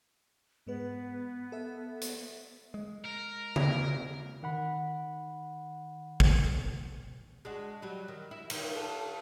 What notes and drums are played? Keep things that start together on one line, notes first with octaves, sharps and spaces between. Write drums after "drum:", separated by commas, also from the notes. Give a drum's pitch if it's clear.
G#2 G#3 B3 B4
A4 E5
drum: hi-hat
G#3
A#4
drum: tom C#3
D#3 F#5 B5
drum: kick
G#3 D4 F#4
F#3 G3
D#3
E4
D#2 D#3 C5, drum: cymbal
A4